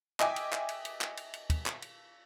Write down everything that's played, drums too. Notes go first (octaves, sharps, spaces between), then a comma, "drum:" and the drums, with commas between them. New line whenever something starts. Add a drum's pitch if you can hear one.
D#5 E5 G5 G#5 D6, drum: clap
drum: cymbal
drum: clap
drum: cymbal
drum: cymbal
drum: clap
drum: cymbal
drum: cymbal
drum: kick, cymbal
drum: clap
drum: cymbal